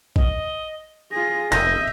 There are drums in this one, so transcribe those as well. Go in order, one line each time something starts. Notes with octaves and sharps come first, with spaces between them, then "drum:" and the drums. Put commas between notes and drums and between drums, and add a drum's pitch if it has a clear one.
D#5, drum: kick A#1
F4 G#4 A#6
F1 D#5 E5 G6 A#6, drum: hi-hat